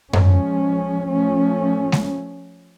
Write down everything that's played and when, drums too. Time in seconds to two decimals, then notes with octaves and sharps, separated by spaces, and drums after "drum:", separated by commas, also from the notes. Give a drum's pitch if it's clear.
0.13 F3 G#3 C#4, drum: tom F#2
1.09 F3 A3 C#4
1.92 drum: snare G#3